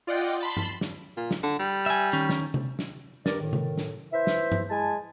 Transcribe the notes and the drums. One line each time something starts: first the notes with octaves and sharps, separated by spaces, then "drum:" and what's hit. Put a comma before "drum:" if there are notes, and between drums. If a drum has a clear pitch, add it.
F4 D5 D#5 F#5 G5
A5 B5 C6
drum: tom G2
drum: snare
A#2
drum: snare
D3
G3
E5 G#5
D#3 C#4
drum: snare
drum: tom C3
drum: snare
G2 A#4 D5, drum: snare
A2 D#3
drum: tom C3
drum: snare
E4 B4 C5 E5
drum: snare
drum: tom G2
G#3 E4 G#5 A5